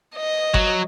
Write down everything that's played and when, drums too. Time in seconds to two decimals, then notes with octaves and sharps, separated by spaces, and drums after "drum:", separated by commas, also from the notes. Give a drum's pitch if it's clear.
0.15 D#5
0.54 F#3, drum: kick G1